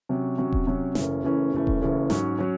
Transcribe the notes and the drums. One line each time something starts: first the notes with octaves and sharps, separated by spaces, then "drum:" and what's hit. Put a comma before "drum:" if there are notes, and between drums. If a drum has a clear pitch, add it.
C3 F#3 C#4
C3 F#3 C#4
drum: kick D#1
C3 F#3 C#4
F#1 F#2 E3 A3 C#4, drum: snare
F#1 F#2 E3 A3 C#4
F#1 F#2 E3 A3 C#4
drum: kick D#1
F#1 F#2 E3 A3 C#4
G#2 F#3 C#4, drum: snare
F#3 C#4